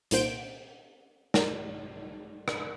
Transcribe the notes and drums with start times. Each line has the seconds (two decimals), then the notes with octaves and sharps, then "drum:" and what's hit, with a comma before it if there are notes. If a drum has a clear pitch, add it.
0.11 C2 A#2 D#3 C5 G6 D7, drum: hi-hat
1.34 A#4, drum: snare
2.48 drum: rim click